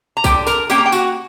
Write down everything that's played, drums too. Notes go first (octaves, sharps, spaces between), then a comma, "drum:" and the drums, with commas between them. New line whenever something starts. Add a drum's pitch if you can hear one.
A#5
D3 G4 G5, drum: kick B1, tambourine
A#4 A#5, drum: tambourine
A#3 C#4 G4 G5, drum: tambourine
A#5
G5
F#4 F#5, drum: tambourine